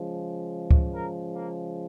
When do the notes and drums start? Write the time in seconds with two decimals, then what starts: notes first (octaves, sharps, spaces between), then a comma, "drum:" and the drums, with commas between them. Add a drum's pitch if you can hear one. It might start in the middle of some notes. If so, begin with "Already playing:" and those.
Already playing: C#3 F3 G#3
0.71 drum: kick C#2
0.92 A#4
1.34 A#3